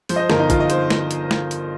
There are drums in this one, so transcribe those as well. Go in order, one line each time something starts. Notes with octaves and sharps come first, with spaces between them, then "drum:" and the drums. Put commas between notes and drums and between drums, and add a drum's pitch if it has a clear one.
F3 C5, drum: open hi-hat
D#5
C5
G1 A#4, drum: snare
D#4
G1 F4, drum: kick, hi-hat
D#5
C5, drum: hi-hat
drum: snare
drum: hi-hat
drum: snare
drum: hi-hat